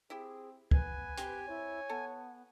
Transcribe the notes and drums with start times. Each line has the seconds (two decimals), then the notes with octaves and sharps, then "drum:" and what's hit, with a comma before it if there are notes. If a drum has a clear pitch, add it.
0.10 C4 E4 G4 G#4
0.71 B3 B4 G#5, drum: kick C#2
1.18 C4 G4 C6, drum: hi-hat
1.48 E4 C#5
1.89 B3 A4